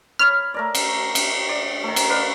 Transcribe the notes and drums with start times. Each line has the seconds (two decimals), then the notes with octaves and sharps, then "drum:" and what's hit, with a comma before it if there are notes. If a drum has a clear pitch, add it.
0.19 C#5 B5 F6
0.54 A3 A#4 D5
0.75 drum: cymbal
1.15 drum: cymbal
1.49 D5
1.84 D#3 A3
1.96 drum: cymbal
2.10 B4 D5 F5